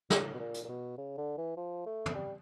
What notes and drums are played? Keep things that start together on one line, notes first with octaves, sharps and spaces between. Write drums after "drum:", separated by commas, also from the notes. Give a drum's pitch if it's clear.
A2, drum: snare
B2
A#2
drum: hi-hat
A#2
B2
C#3
D3
E3
F3
A3
drum: tom
G3